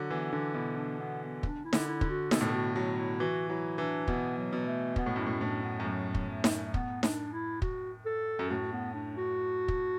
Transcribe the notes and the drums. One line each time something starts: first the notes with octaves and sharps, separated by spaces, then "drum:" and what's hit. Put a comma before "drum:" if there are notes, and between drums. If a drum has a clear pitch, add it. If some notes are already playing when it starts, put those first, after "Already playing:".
Already playing: D3 F#3
E3 B3
D3 D4
B2 E4
D4
B3
D4, drum: kick
E4
D3, drum: snare D#4
E4
D3, drum: kick
F#4
B2 A4, drum: snare D#4
A2
B2 F#4
F#3 E4
E4
E3 F#4
F#3 E4
E3 D4
B2 B3, drum: kick
F#3
B2
A3
B2 B3, drum: kick
A2
F#2 E4
A2
A2 D4
B3
F#2
A2 F#3
drum: kick
A3
drum: snare D#4
B3, drum: kick
D4, drum: snare D#4
E4
F#4, drum: kick
A4
F#2
A2 F#4
B3
D4
F#4
drum: kick